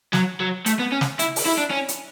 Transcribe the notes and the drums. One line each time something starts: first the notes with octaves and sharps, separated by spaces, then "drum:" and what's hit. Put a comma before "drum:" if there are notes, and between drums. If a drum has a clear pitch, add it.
F#3, drum: snare
F#3
A3, drum: hi-hat
B3
C#4
drum: snare
E4, drum: hi-hat
drum: open hi-hat
E4
D4
C#4
drum: hi-hat